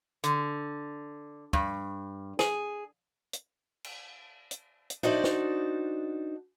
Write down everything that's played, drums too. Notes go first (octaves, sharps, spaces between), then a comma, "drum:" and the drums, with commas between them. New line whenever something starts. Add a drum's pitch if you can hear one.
D3, drum: hi-hat
G2, drum: kick
G#4, drum: snare
drum: hi-hat
drum: cymbal
drum: hi-hat
drum: hi-hat
D4 D#4 F#4 C5 D5, drum: tom A2
drum: snare